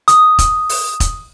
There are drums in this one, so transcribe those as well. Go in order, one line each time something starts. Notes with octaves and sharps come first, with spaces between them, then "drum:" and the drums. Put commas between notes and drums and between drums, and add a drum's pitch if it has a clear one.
D#6, drum: hi-hat
drum: kick E1, hi-hat
drum: open hi-hat
drum: kick E1, hi-hat